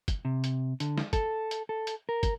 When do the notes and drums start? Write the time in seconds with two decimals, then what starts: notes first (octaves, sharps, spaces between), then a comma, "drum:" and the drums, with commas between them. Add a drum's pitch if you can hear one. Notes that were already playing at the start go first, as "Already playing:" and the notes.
0.08 drum: kick, hi-hat
0.25 C3
0.44 drum: hi-hat
0.80 D3, drum: hi-hat
0.97 drum: snare
1.13 A4, drum: kick, hi-hat
1.51 drum: hi-hat
1.69 A4
1.87 drum: hi-hat
2.09 A#4
2.23 drum: kick, hi-hat